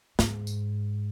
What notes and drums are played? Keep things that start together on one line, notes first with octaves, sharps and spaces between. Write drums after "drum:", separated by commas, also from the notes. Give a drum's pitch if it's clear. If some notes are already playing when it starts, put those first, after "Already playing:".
G#2, drum: snare
drum: tambourine